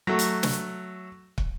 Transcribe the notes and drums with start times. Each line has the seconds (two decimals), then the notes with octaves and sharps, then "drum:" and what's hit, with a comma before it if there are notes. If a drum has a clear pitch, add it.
0.07 F#3 A3
0.19 drum: hi-hat
0.43 drum: snare
1.38 drum: kick